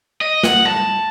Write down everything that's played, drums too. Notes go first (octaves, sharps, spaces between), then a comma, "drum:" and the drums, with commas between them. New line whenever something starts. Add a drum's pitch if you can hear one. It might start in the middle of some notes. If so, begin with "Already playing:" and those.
D#5
F#5, drum: snare
A5, drum: tom G3